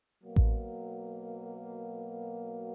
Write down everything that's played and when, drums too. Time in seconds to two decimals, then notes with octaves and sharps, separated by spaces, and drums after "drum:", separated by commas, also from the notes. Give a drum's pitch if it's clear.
0.24 B2 F#3 A#3
0.36 drum: kick A1